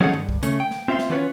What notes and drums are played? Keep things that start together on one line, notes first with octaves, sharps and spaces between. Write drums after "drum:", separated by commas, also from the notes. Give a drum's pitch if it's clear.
F#3 C#4 D#4 G#4 A4 F#5
G2, drum: tom D3
drum: kick
C#3 A3, drum: hi-hat
G5
drum: snare
C4 F4 E5 F5 C6
drum: snare
E3 B3 C#4 F4 B4 C#5